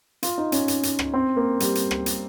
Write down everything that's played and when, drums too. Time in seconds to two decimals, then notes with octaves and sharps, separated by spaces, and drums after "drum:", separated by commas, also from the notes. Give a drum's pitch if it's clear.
0.23 F4, drum: hi-hat
0.38 D#4
0.52 C#4, drum: hi-hat
0.68 drum: hi-hat
0.83 drum: hi-hat
0.99 drum: rim click
1.14 C4
1.36 A#3
1.60 G3, drum: hi-hat
1.75 drum: hi-hat
1.91 drum: rim click
2.06 drum: hi-hat